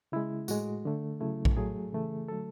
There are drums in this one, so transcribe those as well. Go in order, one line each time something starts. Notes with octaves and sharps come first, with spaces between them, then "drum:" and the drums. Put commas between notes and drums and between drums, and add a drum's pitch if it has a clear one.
C#3 G#3 E4
A2 G#3 F#4, drum: tambourine
D3 A3
C#3 F#3 A3 E4
drum: kick A#1
A2 F#3 A3 G#4
C#3 E3 A3
D3 F#3 A3 A4